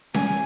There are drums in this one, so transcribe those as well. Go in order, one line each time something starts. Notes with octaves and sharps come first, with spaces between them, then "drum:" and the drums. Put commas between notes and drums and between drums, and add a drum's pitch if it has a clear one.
G#5, drum: snare C#4